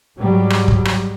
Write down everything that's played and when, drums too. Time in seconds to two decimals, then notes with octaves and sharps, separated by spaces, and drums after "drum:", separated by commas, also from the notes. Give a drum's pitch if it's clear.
0.15 G#2 F#3 G3
0.50 drum: rim click
0.68 drum: kick
0.85 drum: rim click